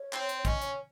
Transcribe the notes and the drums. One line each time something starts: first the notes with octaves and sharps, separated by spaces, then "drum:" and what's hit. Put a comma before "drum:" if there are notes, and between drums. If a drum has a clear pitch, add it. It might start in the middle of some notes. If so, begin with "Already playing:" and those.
Already playing: C#5
C4, drum: clap
drum: hi-hat
C#4 D#5, drum: kick, hi-hat
C#5, drum: hi-hat